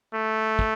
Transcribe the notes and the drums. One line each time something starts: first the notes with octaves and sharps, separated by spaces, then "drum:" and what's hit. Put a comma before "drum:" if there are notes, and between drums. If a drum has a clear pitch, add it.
A3
drum: kick